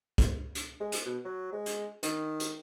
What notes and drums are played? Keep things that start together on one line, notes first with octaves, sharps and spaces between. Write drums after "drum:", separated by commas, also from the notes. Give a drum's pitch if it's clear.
drum: kick, hi-hat
drum: hi-hat
G#3
drum: hi-hat
B2
F#3
G#3
drum: hi-hat
D#3, drum: hi-hat
drum: hi-hat